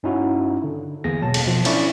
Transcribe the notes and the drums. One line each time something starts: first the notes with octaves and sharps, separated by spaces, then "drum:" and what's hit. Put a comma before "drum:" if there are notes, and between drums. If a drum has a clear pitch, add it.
G2 C#4 D#4 E4 F#4
D3
E2 A#3 G#4 A#6
G1 B2 F#3 A5
drum: cymbal
B2 F3
C#4 D4 E4 D5 E5 C#6, drum: cymbal